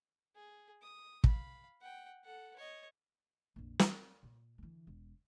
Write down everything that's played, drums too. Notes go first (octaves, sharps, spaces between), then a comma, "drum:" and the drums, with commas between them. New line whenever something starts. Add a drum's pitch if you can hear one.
G#4
D#6
F5 B5, drum: kick
F#5 G5
A4 F#5
C#5 D#5
A#1 F2
C4, drum: snare
A#2
D3 E3
E1